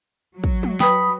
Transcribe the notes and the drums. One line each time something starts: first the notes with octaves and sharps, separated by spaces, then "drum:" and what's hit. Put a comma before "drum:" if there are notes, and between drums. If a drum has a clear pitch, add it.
F#3
drum: kick
drum: tom
B4 G5 B5 D#6, drum: snare